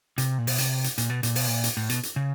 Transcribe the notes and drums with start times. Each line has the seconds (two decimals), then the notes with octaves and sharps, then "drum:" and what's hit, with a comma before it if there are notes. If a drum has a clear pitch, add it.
0.18 C3, drum: hi-hat
0.38 A#2
0.47 B2, drum: open hi-hat
0.58 C3, drum: hi-hat
0.84 drum: hi-hat
0.98 A#2, drum: hi-hat
1.10 B2
1.23 A#2, drum: hi-hat
1.35 B2, drum: open hi-hat
1.47 A#2
1.64 drum: hi-hat
1.77 A2
1.89 B2, drum: hi-hat
2.03 drum: hi-hat
2.16 C#3